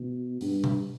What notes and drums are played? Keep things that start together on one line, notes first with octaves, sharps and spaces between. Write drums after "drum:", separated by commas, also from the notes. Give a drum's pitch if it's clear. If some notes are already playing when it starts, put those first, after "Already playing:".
Already playing: B2
G2, drum: open hi-hat
drum: tom B2